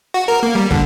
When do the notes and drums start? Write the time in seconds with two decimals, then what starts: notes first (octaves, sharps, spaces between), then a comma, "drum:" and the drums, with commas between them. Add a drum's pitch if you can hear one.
0.14 F#4
0.28 A#4
0.43 A#3
0.55 G3
0.71 D3, drum: kick